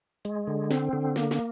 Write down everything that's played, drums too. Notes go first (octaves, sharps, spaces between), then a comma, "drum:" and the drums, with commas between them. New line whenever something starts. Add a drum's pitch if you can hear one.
G#3, drum: hi-hat
D3
C4, drum: snare
D3
A#3, drum: snare
drum: snare